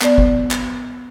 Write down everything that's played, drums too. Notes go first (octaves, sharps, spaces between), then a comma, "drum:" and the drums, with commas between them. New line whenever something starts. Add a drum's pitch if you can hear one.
B3 D5, drum: clap
drum: kick
drum: clap